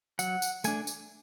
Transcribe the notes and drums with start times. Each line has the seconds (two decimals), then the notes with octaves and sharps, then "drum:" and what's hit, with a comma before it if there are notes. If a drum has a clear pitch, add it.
0.19 F#3 F#5, drum: tambourine
0.42 drum: tambourine
0.64 A3 D4 G#5, drum: tambourine
0.87 drum: tambourine